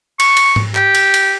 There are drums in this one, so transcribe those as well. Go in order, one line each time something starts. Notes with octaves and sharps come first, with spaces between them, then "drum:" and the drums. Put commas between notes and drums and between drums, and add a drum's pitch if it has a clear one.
C#6, drum: cymbal
drum: cymbal
drum: tom G#2
G4, drum: clap
drum: cymbal
drum: cymbal